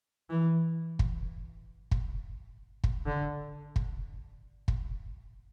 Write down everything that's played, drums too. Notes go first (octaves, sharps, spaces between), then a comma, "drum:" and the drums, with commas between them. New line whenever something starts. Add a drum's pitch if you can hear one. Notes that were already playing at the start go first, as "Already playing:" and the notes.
E3
drum: kick
drum: kick
drum: kick
D3
drum: kick
drum: kick